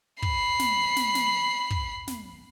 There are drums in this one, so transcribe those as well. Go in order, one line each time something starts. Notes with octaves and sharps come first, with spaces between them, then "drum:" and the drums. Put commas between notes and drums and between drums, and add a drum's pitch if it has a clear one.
B5 C7, drum: kick
drum: snare
drum: snare
drum: snare
drum: kick
drum: snare